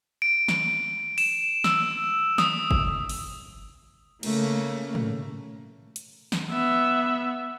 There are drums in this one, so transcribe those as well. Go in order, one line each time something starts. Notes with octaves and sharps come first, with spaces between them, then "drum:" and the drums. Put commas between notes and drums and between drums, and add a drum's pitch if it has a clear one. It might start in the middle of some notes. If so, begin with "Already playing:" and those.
D7
drum: snare
E7, drum: open hi-hat
E6, drum: snare
D#6, drum: snare
drum: kick G1
drum: open hi-hat
C#3 A3 A#3, drum: cymbal
drum: tom
drum: hi-hat
drum: snare
B3 E5